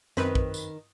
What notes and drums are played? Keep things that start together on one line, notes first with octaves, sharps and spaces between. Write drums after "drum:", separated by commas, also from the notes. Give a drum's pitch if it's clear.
F#2 D#3 C4 B4, drum: snare
drum: kick
drum: tambourine